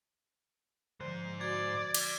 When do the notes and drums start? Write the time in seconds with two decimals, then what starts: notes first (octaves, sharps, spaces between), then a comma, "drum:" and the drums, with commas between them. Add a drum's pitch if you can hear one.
1.00 G#2 D3 F3 C5
1.41 F#4 D5 G#6
1.94 drum: cymbal